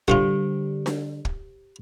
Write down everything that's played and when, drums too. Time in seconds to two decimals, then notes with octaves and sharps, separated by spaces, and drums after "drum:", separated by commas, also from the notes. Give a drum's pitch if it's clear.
0.08 D3 G3 F4 G4 C5 F5 F#5, drum: kick
0.86 drum: snare D4
1.25 drum: kick